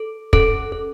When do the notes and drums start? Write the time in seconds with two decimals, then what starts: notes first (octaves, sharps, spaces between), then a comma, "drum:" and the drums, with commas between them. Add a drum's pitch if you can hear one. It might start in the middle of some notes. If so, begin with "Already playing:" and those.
Already playing: A4
0.33 C#4 A4, drum: kick
0.72 A4